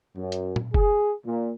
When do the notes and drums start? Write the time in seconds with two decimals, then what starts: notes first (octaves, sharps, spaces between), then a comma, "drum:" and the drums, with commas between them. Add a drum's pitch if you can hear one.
0.17 F#2
0.32 drum: hi-hat
0.56 drum: tom A#2
0.74 G#4, drum: kick F1
1.25 A#2